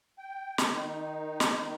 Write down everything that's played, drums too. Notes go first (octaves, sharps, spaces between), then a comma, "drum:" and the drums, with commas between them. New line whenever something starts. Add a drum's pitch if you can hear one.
G5
drum: snare
D#3 D#4
drum: snare